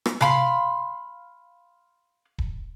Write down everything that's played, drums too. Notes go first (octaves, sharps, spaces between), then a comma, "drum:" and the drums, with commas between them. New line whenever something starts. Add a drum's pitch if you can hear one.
drum: rim click
F5 B5 C6, drum: tom C3
drum: kick D#1